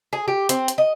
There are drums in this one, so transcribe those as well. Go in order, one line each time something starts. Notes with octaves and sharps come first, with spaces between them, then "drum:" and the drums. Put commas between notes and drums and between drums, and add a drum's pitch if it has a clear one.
G#4
G4
C4, drum: hi-hat
drum: hi-hat
D#5